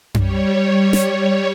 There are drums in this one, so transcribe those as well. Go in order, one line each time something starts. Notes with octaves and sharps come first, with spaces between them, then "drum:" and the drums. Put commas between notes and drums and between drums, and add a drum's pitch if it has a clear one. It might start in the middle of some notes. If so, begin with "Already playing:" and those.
G3 C#5, drum: tom F#2
drum: snare